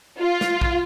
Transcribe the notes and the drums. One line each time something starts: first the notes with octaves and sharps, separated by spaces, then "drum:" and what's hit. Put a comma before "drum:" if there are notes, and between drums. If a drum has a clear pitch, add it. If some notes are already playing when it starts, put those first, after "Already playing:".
F4
drum: snare
drum: kick A#1